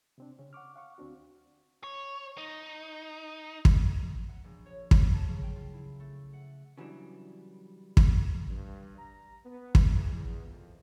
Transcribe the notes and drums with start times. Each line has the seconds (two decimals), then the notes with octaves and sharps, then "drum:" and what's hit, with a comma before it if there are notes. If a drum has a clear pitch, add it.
0.18 C3 C4 D4
0.39 C#3 C#4
0.53 F#5 C#6 D6 F6
0.76 F5 F#5 C#6
0.98 D2 C4 D4 F#4
1.84 C#5
2.38 D#4
3.65 drum: kick
4.29 F#5
4.44 A#1
4.66 C#5
4.91 F#3, drum: kick
5.14 A5
5.28 C#3
5.43 G5
5.56 F4
5.74 E4
6.00 A3
6.33 F#5
6.78 C#3 E3 F#3 G3 D4
7.97 drum: kick
8.49 G2
8.98 A#5
9.44 B3
9.75 drum: kick
9.86 E2
10.44 F2